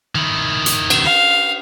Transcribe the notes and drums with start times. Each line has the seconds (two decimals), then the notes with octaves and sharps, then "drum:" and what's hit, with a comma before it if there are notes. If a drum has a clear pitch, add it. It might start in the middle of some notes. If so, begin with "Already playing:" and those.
0.15 D#3 E4
0.66 drum: hi-hat
0.90 drum: cymbal
1.05 F5